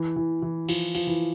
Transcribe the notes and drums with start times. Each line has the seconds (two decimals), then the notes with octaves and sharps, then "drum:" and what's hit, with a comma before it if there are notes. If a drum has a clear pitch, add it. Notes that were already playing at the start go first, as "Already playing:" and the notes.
Already playing: E3
0.16 E3
0.42 E3
0.69 F3, drum: cymbal
0.95 F3, drum: cymbal
1.07 E3